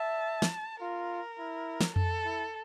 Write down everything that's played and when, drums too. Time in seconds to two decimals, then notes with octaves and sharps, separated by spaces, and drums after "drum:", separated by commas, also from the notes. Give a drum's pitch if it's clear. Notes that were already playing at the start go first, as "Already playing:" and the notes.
Already playing: E5 A5
0.42 drum: snare
0.81 F4 A#4
1.38 E4
1.81 drum: snare
1.96 A4, drum: tom F2
2.25 E4